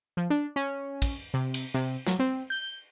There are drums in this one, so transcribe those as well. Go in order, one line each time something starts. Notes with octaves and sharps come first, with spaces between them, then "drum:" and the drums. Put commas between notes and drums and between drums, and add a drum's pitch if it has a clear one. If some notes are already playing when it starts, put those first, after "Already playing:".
F3
D4
C#4
drum: kick, cymbal
C3
drum: cymbal
C3
F#3, drum: snare
C4
G6